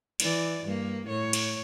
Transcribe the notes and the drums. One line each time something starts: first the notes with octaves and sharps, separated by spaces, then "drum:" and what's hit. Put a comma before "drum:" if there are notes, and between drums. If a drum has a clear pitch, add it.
E3 D5, drum: cymbal
G2 A#3
A2 C#5
drum: cymbal